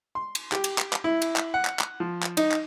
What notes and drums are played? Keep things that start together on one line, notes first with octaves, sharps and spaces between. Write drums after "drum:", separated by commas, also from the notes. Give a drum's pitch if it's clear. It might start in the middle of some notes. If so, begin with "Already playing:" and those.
C6
drum: cymbal
G4, drum: clap
drum: cymbal
drum: clap
drum: clap
E4
drum: cymbal
drum: clap
F#5
drum: clap
drum: clap
F3
drum: clap
D#4, drum: cymbal
drum: clap